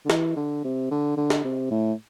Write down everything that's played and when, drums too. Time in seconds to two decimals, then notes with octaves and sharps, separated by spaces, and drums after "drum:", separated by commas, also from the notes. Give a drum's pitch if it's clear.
0.05 D3
0.10 E3, drum: snare
0.36 D3
0.64 C3
0.91 D3
1.17 D3
1.30 drum: snare
1.44 C3
1.71 A2